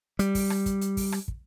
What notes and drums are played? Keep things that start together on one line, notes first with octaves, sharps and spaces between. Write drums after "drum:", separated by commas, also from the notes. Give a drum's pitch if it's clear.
G3, drum: hi-hat
drum: kick, open hi-hat
drum: rim click
drum: kick, hi-hat
drum: hi-hat
drum: kick, open hi-hat
drum: rim click
drum: kick